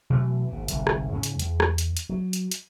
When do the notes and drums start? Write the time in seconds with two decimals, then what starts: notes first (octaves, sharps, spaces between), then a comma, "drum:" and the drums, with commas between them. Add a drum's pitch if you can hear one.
0.10 B2 E3 F#3 A3
0.48 G#1 A#2
0.68 G1 C2 G#2, drum: hi-hat
0.87 drum: rim click
1.12 G#2 C#3 C#4
1.23 drum: hi-hat
1.39 E2, drum: hi-hat
1.60 drum: rim click
1.78 drum: hi-hat
1.97 drum: hi-hat
2.09 F#3
2.33 drum: hi-hat
2.51 drum: hi-hat